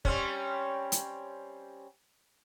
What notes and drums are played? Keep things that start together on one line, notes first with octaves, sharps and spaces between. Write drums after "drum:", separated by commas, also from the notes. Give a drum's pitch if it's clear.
G3 C4 C#4, drum: kick
drum: hi-hat